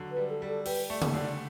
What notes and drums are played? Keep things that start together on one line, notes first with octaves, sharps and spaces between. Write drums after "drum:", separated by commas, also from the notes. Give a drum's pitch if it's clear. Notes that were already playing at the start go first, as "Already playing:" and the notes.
Already playing: D3 F#3
B4
G3
A4
G3
A4
G4 B4, drum: open hi-hat
A3 D5
drum: tom C#3
D3 D5